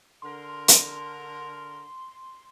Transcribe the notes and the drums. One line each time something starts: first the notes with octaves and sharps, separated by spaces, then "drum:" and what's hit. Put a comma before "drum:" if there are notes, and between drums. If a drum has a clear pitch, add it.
D3 A#4 C6
drum: hi-hat